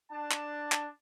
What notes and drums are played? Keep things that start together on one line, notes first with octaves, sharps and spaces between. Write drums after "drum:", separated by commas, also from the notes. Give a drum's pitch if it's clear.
D4 A5
drum: clap
drum: clap